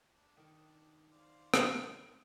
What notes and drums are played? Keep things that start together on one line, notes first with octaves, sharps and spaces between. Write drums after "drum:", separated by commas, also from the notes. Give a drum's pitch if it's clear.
D4
D#3 D#5 G5
C5 D5 F5
drum: rim click